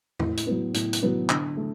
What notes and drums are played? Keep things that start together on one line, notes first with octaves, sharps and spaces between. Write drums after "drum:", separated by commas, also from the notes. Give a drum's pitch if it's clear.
A2, drum: tom
drum: hi-hat
F#3 B3
A2, drum: hi-hat
drum: hi-hat
F#3 B3
D3, drum: clap
A3